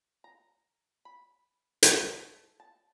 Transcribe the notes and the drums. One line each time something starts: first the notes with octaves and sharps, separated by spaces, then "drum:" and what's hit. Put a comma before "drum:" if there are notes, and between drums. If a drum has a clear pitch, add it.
A#5
B5
drum: hi-hat
A4
A5